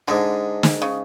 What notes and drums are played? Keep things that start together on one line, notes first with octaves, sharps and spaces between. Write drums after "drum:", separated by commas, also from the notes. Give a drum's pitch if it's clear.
G#2 D3 G#3 D4
drum: snare
C#3